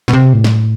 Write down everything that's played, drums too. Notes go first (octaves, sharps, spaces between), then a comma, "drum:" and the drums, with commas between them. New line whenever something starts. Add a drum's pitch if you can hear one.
B2, drum: snare
C3
A2
drum: snare